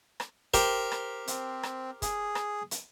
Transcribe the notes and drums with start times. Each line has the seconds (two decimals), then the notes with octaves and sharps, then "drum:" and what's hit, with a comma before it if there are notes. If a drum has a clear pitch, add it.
0.20 drum: rim click
0.54 G4 A#4 C5, drum: kick, hi-hat
0.92 drum: rim click
1.27 C4, drum: hi-hat
1.63 drum: rim click
2.02 G#4, drum: kick, hi-hat
2.35 drum: rim click
2.71 drum: hi-hat